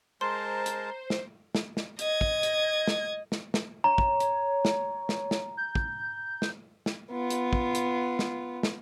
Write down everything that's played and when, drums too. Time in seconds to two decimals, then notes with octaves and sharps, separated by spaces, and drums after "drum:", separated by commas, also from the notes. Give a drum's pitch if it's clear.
0.21 G#3 A#4 C5 A5 A#5 C6
0.66 drum: hi-hat
1.10 drum: snare
1.55 drum: snare
1.77 drum: snare
1.99 D#5 G#6, drum: hi-hat
2.21 drum: kick
2.43 drum: hi-hat
2.87 drum: snare
3.32 drum: snare
3.54 drum: snare
3.84 C#5 A#5
3.98 drum: kick
4.20 drum: hi-hat
4.65 drum: snare
5.09 drum: snare
5.31 drum: snare
5.57 G6
5.75 drum: kick
6.42 drum: snare
6.86 drum: snare
7.11 B3 F4
7.30 drum: hi-hat
7.53 drum: kick
7.75 drum: hi-hat
8.19 drum: snare
8.63 drum: snare